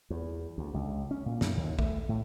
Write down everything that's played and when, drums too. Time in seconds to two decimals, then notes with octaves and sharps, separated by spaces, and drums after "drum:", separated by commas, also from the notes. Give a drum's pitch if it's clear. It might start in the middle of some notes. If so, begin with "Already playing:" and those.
0.10 E2
0.58 D2
0.74 C#2
1.11 C#4
1.26 A#2
1.41 F#2, drum: snare
1.57 D#2
1.79 A3, drum: kick A#1
2.09 A2